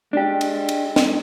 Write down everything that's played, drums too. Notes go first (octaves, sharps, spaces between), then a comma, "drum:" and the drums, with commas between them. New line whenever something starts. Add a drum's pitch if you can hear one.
G#3 D4 G4
drum: cymbal
drum: cymbal
drum: snare